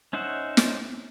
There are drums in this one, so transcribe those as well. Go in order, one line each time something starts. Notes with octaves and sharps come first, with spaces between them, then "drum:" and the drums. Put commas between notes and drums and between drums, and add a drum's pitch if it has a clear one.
C#4 D#4 C5 E5 F#5
drum: snare